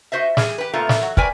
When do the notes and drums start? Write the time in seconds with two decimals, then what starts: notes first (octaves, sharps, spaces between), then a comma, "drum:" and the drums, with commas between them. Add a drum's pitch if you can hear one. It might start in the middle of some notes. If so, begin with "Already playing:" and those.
0.12 F#4 C5 D#5 E5
0.37 G3 G#4, drum: snare
0.58 G4 B4
0.74 A#2 A3 B3 F4 A#4
0.89 drum: snare
1.01 F#3 F#4
1.17 A2 A#4 B4 D5 G5 G#5, drum: kick